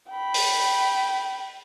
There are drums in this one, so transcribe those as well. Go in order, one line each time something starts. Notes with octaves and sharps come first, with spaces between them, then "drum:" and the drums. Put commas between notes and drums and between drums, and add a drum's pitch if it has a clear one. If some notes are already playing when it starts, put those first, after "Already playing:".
G5 B5
drum: open hi-hat